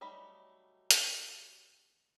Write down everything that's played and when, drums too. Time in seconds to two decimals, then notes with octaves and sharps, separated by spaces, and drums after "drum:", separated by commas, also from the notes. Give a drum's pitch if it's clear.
0.01 F#3 G3 A3 D#4 B5
0.91 drum: hi-hat